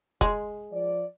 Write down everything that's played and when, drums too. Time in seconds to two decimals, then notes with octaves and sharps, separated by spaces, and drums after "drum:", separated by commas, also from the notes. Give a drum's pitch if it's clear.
0.21 G#3, drum: kick F1
0.72 F3 D5